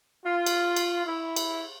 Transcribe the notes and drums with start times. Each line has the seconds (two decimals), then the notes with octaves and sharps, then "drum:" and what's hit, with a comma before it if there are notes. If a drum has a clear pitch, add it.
0.25 F4
0.46 drum: cymbal
0.76 drum: cymbal
1.06 E4
1.36 drum: cymbal